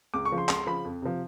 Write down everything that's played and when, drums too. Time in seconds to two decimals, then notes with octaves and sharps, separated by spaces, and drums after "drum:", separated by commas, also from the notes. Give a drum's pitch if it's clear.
0.14 C#2 D6
0.25 C#6
0.31 C#3 F3
0.38 C6
0.49 C#2 C6, drum: clap
0.66 C#3 F3 B5
0.85 F2
1.02 C3 F3